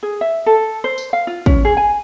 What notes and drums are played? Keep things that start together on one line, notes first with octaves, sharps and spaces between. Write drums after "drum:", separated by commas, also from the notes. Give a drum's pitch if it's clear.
G#4
E5
A4
C5
drum: tambourine
F5
F4
C#4, drum: kick
G#4
G#5